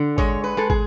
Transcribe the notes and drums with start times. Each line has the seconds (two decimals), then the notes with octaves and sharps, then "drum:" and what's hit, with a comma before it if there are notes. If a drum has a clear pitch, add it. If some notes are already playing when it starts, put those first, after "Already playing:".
Already playing: D3
0.18 G#3 C#5, drum: kick
0.44 B4
0.57 G#3 A4
0.70 G#4, drum: kick